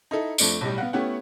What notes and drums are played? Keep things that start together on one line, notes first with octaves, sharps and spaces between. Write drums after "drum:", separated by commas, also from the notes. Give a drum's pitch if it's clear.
D#4 E4 A4
F2 F3 A3 D4 C#7 D7, drum: tambourine
B1 A2 G3
B3 F5 F#5
A3 B3 C#4 E4 G4 F#5